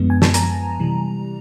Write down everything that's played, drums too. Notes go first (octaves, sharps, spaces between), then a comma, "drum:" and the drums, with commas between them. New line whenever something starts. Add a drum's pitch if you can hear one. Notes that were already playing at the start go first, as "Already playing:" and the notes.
Already playing: F#2 D3 F3 G#3 B3
G#5
A5, drum: snare
A#5, drum: hi-hat
C3 E3 G3